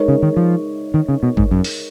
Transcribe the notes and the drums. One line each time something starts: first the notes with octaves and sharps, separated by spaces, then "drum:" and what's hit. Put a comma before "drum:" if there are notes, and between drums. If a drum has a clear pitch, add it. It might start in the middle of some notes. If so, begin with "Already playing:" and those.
Already playing: G#3 D#4 A#4 C#5
C#3
D#3
F3
D#3
C#3
B2
G#2, drum: kick G#1
F#2
drum: open hi-hat